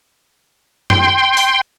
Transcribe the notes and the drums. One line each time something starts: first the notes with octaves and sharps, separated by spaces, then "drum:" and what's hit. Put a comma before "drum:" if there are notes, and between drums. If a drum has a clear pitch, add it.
G5 C6, drum: tom F#2
drum: open hi-hat